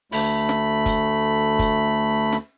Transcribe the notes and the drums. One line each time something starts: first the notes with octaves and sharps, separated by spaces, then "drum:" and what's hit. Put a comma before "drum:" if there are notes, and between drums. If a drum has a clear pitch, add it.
D2 A3 B5, drum: open hi-hat
drum: snare
drum: kick F#1, hi-hat
drum: kick F#1, hi-hat
drum: snare